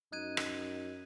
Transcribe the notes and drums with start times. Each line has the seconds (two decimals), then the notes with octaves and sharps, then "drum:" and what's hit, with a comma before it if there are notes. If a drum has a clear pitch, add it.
0.13 F#2 D#4 F#6 G#6 D#7
0.37 drum: rim click